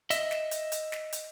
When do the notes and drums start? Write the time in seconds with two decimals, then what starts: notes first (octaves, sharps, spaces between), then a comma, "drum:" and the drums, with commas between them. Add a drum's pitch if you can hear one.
0.10 D#5 E5, drum: hi-hat
0.31 drum: snare
0.51 drum: hi-hat
0.72 drum: hi-hat
0.92 drum: snare
1.12 drum: hi-hat